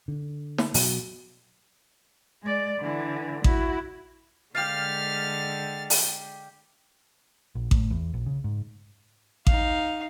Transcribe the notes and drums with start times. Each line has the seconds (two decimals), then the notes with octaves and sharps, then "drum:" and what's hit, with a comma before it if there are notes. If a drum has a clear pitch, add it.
0.08 D3
0.58 drum: snare
0.74 B2 F#3, drum: open hi-hat
2.43 G#3 D5
2.81 D3 E3
3.44 E4 F#4, drum: kick A1
4.55 D3 G#3 G4 F5 F6 A6
5.90 drum: open hi-hat
7.55 A#1
7.71 A2, drum: kick A1
7.91 E2
8.14 A#1
8.26 C#3
8.44 G#2
9.47 D#4 F5, drum: kick A1